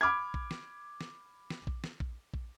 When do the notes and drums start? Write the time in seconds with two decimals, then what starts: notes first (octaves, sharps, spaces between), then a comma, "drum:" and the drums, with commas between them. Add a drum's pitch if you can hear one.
0.01 B5 D6 F6 G#6
0.34 drum: kick A#1
0.51 drum: snare
1.01 drum: snare
1.50 drum: snare
1.67 drum: kick A#1
1.84 drum: snare
2.00 drum: kick A#1
2.34 drum: kick A#1